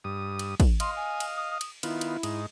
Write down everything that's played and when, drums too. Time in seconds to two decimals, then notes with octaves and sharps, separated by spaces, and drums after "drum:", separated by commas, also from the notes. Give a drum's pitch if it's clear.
0.04 G2 D#6
0.39 drum: cymbal
0.60 drum: kick, cymbal
0.80 D#5 F5 C6, drum: cymbal
0.96 G#5
1.20 drum: cymbal
1.36 D#6
1.61 drum: cymbal
1.83 D#3 B3 E4 F4, drum: cymbal
2.01 drum: cymbal
2.23 G#2 D#4, drum: cymbal